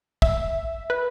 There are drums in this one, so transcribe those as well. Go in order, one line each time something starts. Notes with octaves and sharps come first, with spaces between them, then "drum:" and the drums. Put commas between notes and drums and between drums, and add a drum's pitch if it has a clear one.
E5, drum: kick
B4